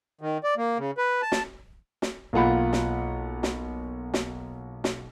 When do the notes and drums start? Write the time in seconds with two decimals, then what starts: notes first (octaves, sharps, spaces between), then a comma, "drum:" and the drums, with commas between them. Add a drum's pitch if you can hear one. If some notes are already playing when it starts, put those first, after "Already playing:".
0.21 D#3
0.44 D5
0.57 A#3
0.78 C#3
0.98 B4
1.22 A5
1.32 drum: snare
2.02 drum: snare
2.33 B1 A#3 F4 F#5 B5
2.73 drum: snare
3.43 drum: snare
4.14 drum: snare
4.84 drum: snare